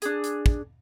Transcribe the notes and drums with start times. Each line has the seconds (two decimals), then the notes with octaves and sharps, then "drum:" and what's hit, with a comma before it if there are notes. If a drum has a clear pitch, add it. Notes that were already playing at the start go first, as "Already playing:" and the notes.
0.02 D4 G#4, drum: hi-hat
0.24 drum: hi-hat
0.46 drum: kick